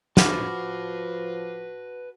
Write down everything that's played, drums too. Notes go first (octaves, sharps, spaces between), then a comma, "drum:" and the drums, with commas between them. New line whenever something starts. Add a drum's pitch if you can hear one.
F3 F#4 B4 A5 B5 D6 F6, drum: snare